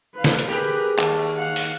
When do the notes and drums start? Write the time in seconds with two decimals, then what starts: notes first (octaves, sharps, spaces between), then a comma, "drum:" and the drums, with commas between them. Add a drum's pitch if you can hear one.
0.15 B4 F5
0.24 drum: snare
0.39 drum: hi-hat
0.48 G4 G#4 A#4 B4
0.99 D#2 A5, drum: clap
1.37 F5 F#5
1.56 drum: open hi-hat